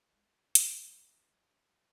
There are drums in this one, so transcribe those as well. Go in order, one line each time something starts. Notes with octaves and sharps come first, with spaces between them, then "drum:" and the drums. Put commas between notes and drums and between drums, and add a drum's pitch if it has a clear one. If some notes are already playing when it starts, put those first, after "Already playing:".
G#3
G3
G#3, drum: hi-hat
G3
F#3